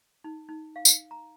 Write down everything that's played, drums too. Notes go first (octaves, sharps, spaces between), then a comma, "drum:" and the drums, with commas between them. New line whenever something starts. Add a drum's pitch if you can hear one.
D#4
D#4
F5
drum: tambourine
A#5